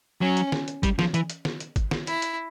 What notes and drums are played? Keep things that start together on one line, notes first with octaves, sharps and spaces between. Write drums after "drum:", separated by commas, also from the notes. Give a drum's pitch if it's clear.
F#3 C#4
drum: hi-hat
drum: snare
drum: hi-hat
G3, drum: kick, hi-hat
F3, drum: snare
E3, drum: hi-hat
drum: hi-hat
drum: snare
drum: hi-hat
drum: kick, hi-hat
drum: snare
E4, drum: hi-hat
drum: hi-hat